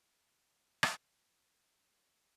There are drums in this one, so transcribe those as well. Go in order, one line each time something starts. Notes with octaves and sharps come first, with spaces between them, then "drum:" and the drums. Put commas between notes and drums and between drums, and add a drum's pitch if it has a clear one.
drum: rim click
F4
A#4